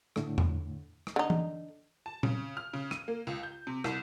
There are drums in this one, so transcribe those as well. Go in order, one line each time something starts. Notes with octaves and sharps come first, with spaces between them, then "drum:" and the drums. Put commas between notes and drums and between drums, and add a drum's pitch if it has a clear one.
A2 D3 A3, drum: rim click
drum: tom E2
drum: rim click
D3 D#4
drum: tom E3
A5
C#3, drum: tom A#2
F6
C#3
D#7, drum: rim click
A#3
C#2
G6
C3
C2, drum: rim click